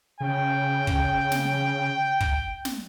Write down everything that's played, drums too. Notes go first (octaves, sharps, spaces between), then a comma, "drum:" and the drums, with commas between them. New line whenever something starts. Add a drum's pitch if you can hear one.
C#3 G5
drum: kick
drum: snare
drum: kick
drum: snare